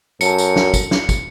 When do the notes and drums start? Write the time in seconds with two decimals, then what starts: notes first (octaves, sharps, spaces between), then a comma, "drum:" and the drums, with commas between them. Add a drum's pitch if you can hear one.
0.21 F#2 A4 C#7, drum: tambourine
0.38 drum: tambourine
0.56 drum: snare
0.74 drum: kick, tambourine
0.91 drum: snare
1.09 drum: kick, tambourine